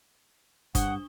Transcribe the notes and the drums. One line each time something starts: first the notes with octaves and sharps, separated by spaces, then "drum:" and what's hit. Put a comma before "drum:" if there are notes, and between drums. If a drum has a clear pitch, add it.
G2 D4 F#5 D#6 G7, drum: kick G1, hi-hat